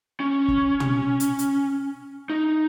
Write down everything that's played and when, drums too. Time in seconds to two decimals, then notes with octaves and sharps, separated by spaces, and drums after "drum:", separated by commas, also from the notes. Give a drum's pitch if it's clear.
0.20 C#4
0.48 drum: kick
0.80 drum: tom
1.20 drum: hi-hat
1.39 drum: hi-hat
2.30 D#4